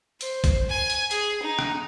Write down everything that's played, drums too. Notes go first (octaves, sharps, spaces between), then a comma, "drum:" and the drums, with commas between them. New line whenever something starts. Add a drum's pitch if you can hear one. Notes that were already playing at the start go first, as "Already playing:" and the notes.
C5, drum: hi-hat
drum: kick A#1, hi-hat
G#5
drum: hi-hat
G#4, drum: hi-hat
D#4
drum: rim click